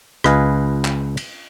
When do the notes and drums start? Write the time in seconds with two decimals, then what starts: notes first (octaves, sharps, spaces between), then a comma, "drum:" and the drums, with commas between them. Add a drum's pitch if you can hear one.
0.24 C#2 B4 D#5 F5 G#5, drum: rim click
0.85 drum: clap
1.17 drum: cymbal